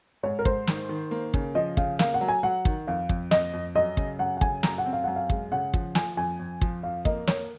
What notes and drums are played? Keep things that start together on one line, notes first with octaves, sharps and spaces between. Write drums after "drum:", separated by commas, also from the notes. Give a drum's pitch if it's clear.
G#2 C#5
A#4
G#2 C5, drum: kick
D#3, drum: snare
D#3
A#3
C#3, drum: kick
F3 D#5
C#3 F5, drum: kick
A#3 F5, drum: snare
F#5
F#3
G#5
F#3 F#5
D#3, drum: kick
F2 F5
F2, drum: kick
F2 D#5, drum: snare
F2
F#2 D#5
C#3, drum: kick
F#2 F#5
F#5
C#3 G#5, drum: kick
F#2 A#5, drum: snare
F#5
C4
F5
F#2 F#5
F5
G#3, drum: kick
C#3 F#5
F3, drum: kick
F3 G#5, drum: snare
F2 G#5
F2
F3, drum: kick
F2 F5
A#3 D#5, drum: kick
A#3 C#5, drum: snare